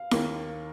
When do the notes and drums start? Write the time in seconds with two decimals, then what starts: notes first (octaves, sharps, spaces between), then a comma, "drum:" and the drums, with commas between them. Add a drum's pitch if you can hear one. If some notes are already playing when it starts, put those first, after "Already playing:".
Already playing: F5
0.11 D#2 D#3 A#3, drum: snare E4